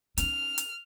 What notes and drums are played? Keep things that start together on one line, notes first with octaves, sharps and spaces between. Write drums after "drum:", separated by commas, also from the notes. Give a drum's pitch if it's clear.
C#4 D#4 F6, drum: hi-hat
drum: hi-hat